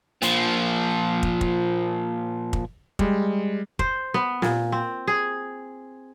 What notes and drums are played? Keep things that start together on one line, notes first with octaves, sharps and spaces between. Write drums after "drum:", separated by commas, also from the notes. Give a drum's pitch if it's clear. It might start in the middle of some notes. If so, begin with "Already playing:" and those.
A#2 F3, drum: hi-hat
drum: kick
drum: kick
drum: kick
G3 G#3, drum: kick
C5, drum: kick
B3
A#2, drum: snare
C4
G#4